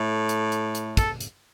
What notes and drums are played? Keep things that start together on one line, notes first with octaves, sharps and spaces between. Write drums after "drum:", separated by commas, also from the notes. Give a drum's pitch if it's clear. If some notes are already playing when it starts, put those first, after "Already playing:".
Already playing: A2 A3
drum: hi-hat
drum: hi-hat
drum: hi-hat
A4, drum: kick, hi-hat
drum: hi-hat